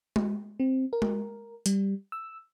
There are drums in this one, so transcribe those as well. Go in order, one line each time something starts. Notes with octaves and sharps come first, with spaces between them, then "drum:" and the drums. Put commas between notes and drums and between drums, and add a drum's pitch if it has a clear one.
drum: tom G#3
C4
A#4
drum: tom G#3
G3, drum: hi-hat
E6